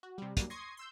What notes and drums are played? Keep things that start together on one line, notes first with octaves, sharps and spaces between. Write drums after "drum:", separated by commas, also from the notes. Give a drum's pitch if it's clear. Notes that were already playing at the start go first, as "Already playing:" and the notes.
F#4
C3 G3
F#3 G3 A#3 D4, drum: kick, hi-hat
C6 C#6 D#6 G#6 A#6 C7
C6 E6 G6